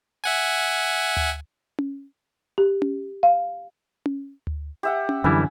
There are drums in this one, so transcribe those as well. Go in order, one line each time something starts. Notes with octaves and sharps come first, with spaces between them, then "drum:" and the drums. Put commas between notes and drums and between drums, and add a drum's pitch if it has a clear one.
E5 F#5 G#5
drum: tom D2
drum: tom C#4
G4
drum: tom C#4
F5
drum: tom C#4
drum: tom D2
G4 E5 F#5
drum: tom C#4
F#2 D3 E3 G3 E4 G#5